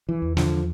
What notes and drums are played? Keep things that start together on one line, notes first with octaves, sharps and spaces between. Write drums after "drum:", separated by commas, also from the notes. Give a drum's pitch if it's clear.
E3
E2
D3 F3, drum: snare